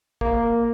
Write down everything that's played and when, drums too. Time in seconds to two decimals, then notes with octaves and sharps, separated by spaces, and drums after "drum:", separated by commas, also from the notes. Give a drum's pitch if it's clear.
0.21 A#3, drum: kick